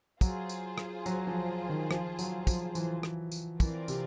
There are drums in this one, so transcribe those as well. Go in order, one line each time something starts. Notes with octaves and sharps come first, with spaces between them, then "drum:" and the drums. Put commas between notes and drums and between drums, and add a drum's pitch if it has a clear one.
F#3 F4 G#4 C5, drum: kick, tambourine
drum: tambourine
drum: rim click
F#3, drum: tambourine
F3
D#3
F3, drum: rim click
F#3, drum: tambourine
F3, drum: kick, tambourine
E3, drum: tambourine
drum: rim click
drum: tambourine
E3 C4 F4 A#4 D5, drum: kick, tambourine
C3, drum: tambourine